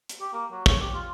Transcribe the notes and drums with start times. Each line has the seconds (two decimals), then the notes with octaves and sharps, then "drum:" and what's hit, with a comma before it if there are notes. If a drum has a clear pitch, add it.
0.09 drum: hi-hat
0.21 G4
0.33 A#3
0.52 F#3
0.66 C#5, drum: kick
0.80 G4
0.93 F4